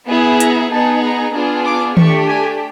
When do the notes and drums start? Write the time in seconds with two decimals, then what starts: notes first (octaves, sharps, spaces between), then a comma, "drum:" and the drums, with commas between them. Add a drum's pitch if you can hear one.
0.09 B3 E4 G#4
0.40 A#5, drum: hi-hat
0.72 B3 D#4 G#4 A5
1.03 A#5
1.35 B3 D4 F4 G#4
1.66 D6
1.97 A3 D4 G4 C#6, drum: tom D#3
2.29 G#5